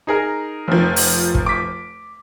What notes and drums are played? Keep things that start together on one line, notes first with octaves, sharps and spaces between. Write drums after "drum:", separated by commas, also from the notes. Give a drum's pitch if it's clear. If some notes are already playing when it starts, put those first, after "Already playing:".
D#4 G#4 A#4
F1 F3
drum: open hi-hat
drum: kick
D6 B6